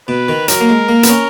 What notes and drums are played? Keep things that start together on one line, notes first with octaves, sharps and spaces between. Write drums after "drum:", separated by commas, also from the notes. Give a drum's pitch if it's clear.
B2 B4
D#3
F#3 A#4, drum: hi-hat
A#3
G#3
A#3
B3, drum: hi-hat
C#4